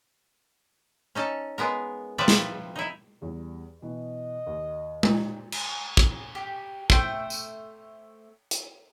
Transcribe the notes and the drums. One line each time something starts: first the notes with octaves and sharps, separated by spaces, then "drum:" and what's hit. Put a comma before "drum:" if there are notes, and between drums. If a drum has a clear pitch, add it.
C#4 D#4 A4
G#3 B3 A#4
C3 F3 G3 B4 D5 E5
drum: snare
D#4 E4
E2 G3
B2 E3 D#5
D#2
A#2 D#4 G4, drum: tom G#3
drum: cymbal
drum: kick
G4
A3 C5 G5, drum: kick
drum: tambourine
drum: hi-hat